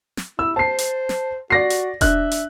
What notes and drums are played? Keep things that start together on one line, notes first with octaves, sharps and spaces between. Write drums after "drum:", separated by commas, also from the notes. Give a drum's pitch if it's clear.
drum: snare
E4 E6
C5 A5 C7
drum: hi-hat
drum: snare
F#4 D5 A#6 C7
drum: hi-hat
D4 E5 F#6, drum: kick E1, hi-hat
drum: hi-hat